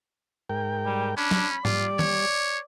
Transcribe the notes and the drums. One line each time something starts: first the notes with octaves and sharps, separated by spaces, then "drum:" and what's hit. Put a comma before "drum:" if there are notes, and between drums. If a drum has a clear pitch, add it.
G#2 A#4 G5
G3
C#4 D4 B5
drum: snare
G3 F4 D5, drum: tom G#2
C#5, drum: tom D#3